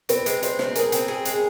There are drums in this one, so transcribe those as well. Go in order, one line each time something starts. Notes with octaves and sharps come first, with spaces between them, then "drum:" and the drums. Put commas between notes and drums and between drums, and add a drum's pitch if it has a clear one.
C4 B4, drum: hi-hat
G#3, drum: hi-hat
G#3 C5, drum: hi-hat
C4, drum: snare
G#4 A#4, drum: hi-hat
C4, drum: hi-hat
G#4
G#3, drum: hi-hat